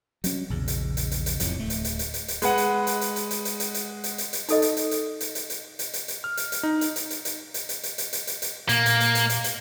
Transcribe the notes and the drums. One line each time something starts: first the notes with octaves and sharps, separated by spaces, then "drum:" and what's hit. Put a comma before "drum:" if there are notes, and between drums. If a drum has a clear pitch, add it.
F#3 C#4, drum: hi-hat
A#1 E2 C#3
drum: hi-hat
drum: hi-hat
drum: hi-hat
drum: hi-hat
F1 F2 A2 F#3, drum: hi-hat
D1 A3
drum: hi-hat
drum: hi-hat
drum: hi-hat
drum: hi-hat
drum: hi-hat
G#3 B4 F#5, drum: hi-hat
drum: hi-hat
drum: hi-hat
drum: hi-hat
drum: hi-hat
drum: hi-hat
drum: hi-hat
drum: hi-hat
drum: hi-hat
drum: hi-hat
drum: hi-hat
drum: hi-hat
D#4 A4 D#5, drum: hi-hat
drum: hi-hat
drum: hi-hat
drum: hi-hat
drum: hi-hat
drum: hi-hat
drum: hi-hat
drum: hi-hat
drum: hi-hat
drum: hi-hat
F6
drum: hi-hat
drum: hi-hat
D#4
drum: hi-hat
drum: hi-hat
drum: hi-hat
drum: hi-hat
drum: hi-hat
drum: hi-hat
drum: hi-hat
drum: hi-hat
drum: hi-hat
drum: hi-hat
drum: hi-hat
A#2 A#3, drum: hi-hat
drum: hi-hat
drum: hi-hat
drum: hi-hat
drum: hi-hat
drum: hi-hat